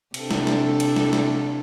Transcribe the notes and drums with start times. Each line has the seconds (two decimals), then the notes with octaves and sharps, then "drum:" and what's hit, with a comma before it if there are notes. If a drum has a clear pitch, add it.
0.14 C3 D4 A4, drum: cymbal
0.31 drum: snare
0.47 drum: snare
0.80 drum: cymbal
0.96 drum: snare
1.13 drum: snare